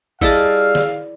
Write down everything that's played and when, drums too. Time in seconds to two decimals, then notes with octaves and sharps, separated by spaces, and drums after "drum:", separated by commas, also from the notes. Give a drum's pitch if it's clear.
0.21 G3 E4 G#4 D#5 F5 A5 E6, drum: kick
0.75 drum: snare